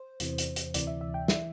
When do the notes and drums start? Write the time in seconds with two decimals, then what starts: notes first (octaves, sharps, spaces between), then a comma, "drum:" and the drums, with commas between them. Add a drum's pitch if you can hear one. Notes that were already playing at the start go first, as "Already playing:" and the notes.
Already playing: C5
0.20 E2 C3 E3, drum: hi-hat
0.38 drum: hi-hat
0.56 drum: hi-hat
0.74 D2 C3 E3 D5, drum: hi-hat
0.87 E5
1.01 E5
1.14 G5
1.28 E3 E5, drum: snare